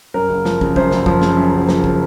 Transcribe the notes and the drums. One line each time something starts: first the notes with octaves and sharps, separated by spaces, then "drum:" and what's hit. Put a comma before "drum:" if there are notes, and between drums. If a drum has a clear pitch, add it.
F#2 A#4
F#1
F3, drum: snare
C#3, drum: kick
F#2 C5, drum: kick
F#1, drum: snare
F3, drum: kick
C#3, drum: snare
F#2
F#1
F3, drum: snare
C#3, drum: kick